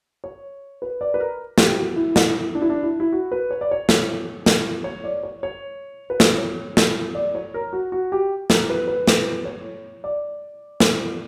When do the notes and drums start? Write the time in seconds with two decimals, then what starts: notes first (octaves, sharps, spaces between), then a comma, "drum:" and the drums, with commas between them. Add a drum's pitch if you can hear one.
0.24 C#5
0.82 B4
1.01 D5
1.14 B4
1.20 A#4
1.58 G4, drum: snare
1.77 F#4
1.96 E4
2.16 drum: snare
2.55 D4
2.62 E4
2.70 D4
2.83 E4
3.00 E4
3.13 F#4
3.32 B4
3.51 C#5
3.61 D5
3.71 C#5
3.89 drum: snare
4.46 drum: snare
4.84 C#5
5.04 D5
5.23 C#5
5.43 C#5
6.10 B4
6.20 C#5, drum: snare
6.39 C#5
6.77 drum: snare
7.15 D5
7.35 C#5
7.54 A#4
7.73 F#4
7.92 F#4
8.12 G4
8.50 A#4, drum: snare
8.70 B4
8.88 B4
9.07 drum: snare
9.45 C#5
10.04 D5
10.80 drum: snare